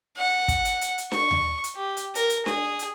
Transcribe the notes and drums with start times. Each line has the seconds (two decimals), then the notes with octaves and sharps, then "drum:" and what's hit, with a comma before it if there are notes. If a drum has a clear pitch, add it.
0.17 F#5
0.48 drum: kick, hi-hat
0.65 drum: hi-hat
0.81 drum: hi-hat
0.98 drum: hi-hat
1.12 C#6, drum: snare D4
1.31 drum: tom D#2
1.64 drum: hi-hat
1.76 G4
1.97 drum: hi-hat
2.15 A#4, drum: hi-hat
2.30 drum: hi-hat
2.46 G#4, drum: snare D4
2.79 drum: hi-hat